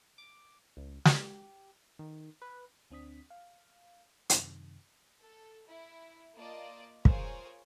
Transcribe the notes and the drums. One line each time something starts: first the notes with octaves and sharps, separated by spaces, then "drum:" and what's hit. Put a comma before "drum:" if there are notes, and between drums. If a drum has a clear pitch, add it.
D6
C#2
G4, drum: snare
D#3
B4
D2 C4 D4 D#6 B6
F5
F#2 C3 D#3, drum: hi-hat
A4
E4
A#3 F4 D5 D#5 A5
F4 G#4 A#4 C5 C#5 F5, drum: kick